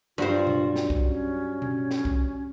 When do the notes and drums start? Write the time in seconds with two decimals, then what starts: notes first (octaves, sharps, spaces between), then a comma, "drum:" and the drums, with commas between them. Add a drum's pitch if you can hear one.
0.18 G2 F#3 G3 F4 F#4 C5
0.47 drum: tom B2
0.76 drum: snare
0.90 drum: kick C2
1.07 C#4
1.62 drum: tom B2
1.91 drum: snare
2.05 drum: kick C2